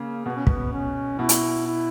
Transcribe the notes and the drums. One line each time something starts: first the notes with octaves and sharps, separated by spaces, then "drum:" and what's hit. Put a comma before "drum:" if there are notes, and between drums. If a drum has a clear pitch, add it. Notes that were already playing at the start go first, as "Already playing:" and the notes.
Already playing: C#3 A#3
B2 B3
C#4
B3, drum: kick
C#4
B2 E4
drum: hi-hat
E4